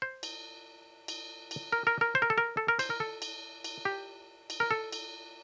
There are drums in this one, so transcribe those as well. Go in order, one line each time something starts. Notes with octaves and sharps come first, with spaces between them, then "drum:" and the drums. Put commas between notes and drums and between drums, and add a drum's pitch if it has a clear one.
C5
drum: cymbal
drum: cymbal
drum: cymbal
A#4
A#4
A#4
C5
A#4
A4
A#4
A4
A#4
C5, drum: cymbal
A#4
A4
drum: cymbal
drum: cymbal
G4
drum: cymbal
A#4
A4
drum: cymbal